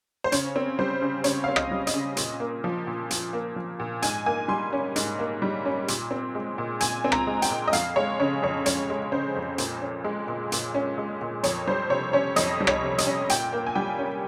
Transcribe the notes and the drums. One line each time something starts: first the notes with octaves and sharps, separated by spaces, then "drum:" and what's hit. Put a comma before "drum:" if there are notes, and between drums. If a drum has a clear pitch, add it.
C5
C#3 C#5, drum: hi-hat
C4
G3 C5
C#3
C#3 C#5, drum: hi-hat
C4 F5
D#5, drum: rim click
G3
D#5, drum: hi-hat
C#3
A#2, drum: hi-hat
A#3
F3
A#2
A#2, drum: hi-hat
A#3
F3
A#2
G#2 G#5, drum: hi-hat
A#3 G#5
G3 C6
C#4
G#2, drum: hi-hat
A#3
G3
C#4
A#2, drum: hi-hat
C4
G#3
A#2
A#2 G#5, drum: hi-hat
C4
A#5, drum: rim click
G#3
G5, drum: hi-hat
A#2
D#5
F2 F5, drum: hi-hat
G#3 C#5
C#3 C#5
F2 C#5
F2 C#5, drum: hi-hat
G#3
C#3 C5
F2
A#2, drum: hi-hat
C#4
G#3
A#2
A#2, drum: hi-hat
C#4
G#3
A#2
F2 C#5, drum: hi-hat
G3 C5
C3 C#5
C#4 C#5
F2 D#5, drum: hi-hat
G3
C#5, drum: rim click
C3
D#5, drum: hi-hat
C#4
A#2 G5, drum: hi-hat
A#3
G#5
G3 G5
C#4